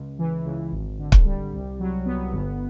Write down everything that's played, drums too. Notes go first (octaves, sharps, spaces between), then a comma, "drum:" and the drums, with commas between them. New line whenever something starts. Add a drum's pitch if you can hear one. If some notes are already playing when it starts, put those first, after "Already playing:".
Already playing: C#2
E3
C#2
G#1
D3
drum: kick
G3
C2
F#3
B3
G1